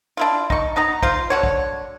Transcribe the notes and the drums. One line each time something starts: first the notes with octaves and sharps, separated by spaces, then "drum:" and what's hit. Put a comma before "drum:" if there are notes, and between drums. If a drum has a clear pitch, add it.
D4 E4 F4
D#4 C#6, drum: kick
B3 D#4 D#5 A#5
F4 C5, drum: kick
D3 F#4 C#5
drum: kick